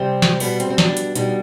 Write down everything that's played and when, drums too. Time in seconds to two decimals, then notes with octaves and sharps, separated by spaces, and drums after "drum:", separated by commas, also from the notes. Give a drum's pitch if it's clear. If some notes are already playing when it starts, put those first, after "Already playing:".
Already playing: C3 G3 C4
0.22 drum: snare
0.40 B2 G3 B3, drum: open hi-hat
0.60 C4, drum: hi-hat
0.70 C4
0.78 D4, drum: snare
0.97 drum: hi-hat
1.15 B2 G3 D#4, drum: hi-hat